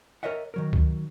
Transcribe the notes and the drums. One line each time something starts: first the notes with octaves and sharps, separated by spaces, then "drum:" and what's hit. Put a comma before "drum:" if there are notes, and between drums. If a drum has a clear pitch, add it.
A#4 B4 C#5 D#5 E5 F#5
D#3 F#3 A#4
drum: kick